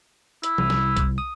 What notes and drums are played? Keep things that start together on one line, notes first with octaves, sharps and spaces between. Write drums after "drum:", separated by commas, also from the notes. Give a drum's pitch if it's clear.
E4, drum: hi-hat
C2, drum: tom E3
drum: snare
drum: kick, hi-hat
D#6